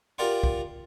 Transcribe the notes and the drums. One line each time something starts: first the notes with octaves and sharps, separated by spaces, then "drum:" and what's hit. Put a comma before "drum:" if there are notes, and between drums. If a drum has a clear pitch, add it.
F4 G4 A#4 D5 F#5 C6
drum: kick B1